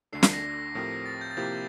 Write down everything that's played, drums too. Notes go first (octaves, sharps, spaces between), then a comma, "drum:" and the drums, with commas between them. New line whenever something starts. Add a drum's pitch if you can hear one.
D2 D3 A3 D4 A4 C7
C7, drum: snare
A#6
A2 F3 C4 G4 A#4 A#6
A6
G6
A6
C3 F3 A#3 E4 G4 G6